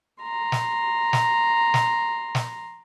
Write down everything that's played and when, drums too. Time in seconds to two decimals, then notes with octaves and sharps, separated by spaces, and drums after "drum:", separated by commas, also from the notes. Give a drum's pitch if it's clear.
0.22 A#5 C6
0.52 drum: snare
1.13 drum: snare
1.74 drum: snare
2.35 drum: snare